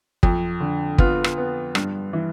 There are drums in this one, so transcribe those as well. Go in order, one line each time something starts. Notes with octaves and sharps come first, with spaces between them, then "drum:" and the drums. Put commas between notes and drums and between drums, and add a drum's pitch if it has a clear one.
F2, drum: kick
D3
B3 F4, drum: kick
drum: rim click
B3
G2, drum: rim click
E3